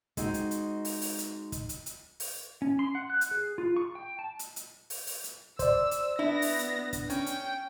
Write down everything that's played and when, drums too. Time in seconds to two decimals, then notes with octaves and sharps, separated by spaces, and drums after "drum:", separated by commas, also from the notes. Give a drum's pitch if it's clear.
0.17 G#3 C4 D#4 F#4, drum: kick, hi-hat
0.34 drum: hi-hat
0.51 drum: hi-hat
0.85 drum: open hi-hat
1.02 drum: open hi-hat
1.18 drum: hi-hat
1.52 drum: kick, hi-hat
1.69 drum: hi-hat
1.86 drum: hi-hat
2.20 drum: open hi-hat
2.62 C#4
2.79 C6
2.95 F#5
3.10 F#6
3.21 drum: hi-hat
3.31 G#4
3.58 F4
3.77 C#6
3.95 G5
4.19 A5
4.39 drum: hi-hat
4.56 drum: hi-hat
4.90 drum: open hi-hat
5.07 drum: open hi-hat
5.24 drum: hi-hat
5.59 C5 D5 E6, drum: kick, hi-hat
5.91 drum: hi-hat
6.19 B3 D4 E4 A#6
6.42 drum: open hi-hat
6.59 drum: hi-hat
6.93 drum: kick, hi-hat
7.10 C#4 G5, drum: hi-hat
7.26 drum: hi-hat